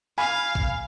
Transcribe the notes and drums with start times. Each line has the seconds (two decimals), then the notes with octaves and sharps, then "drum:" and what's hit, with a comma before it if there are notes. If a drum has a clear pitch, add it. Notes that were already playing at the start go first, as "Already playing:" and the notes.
0.18 F5 G#5 B5
0.55 drum: kick A1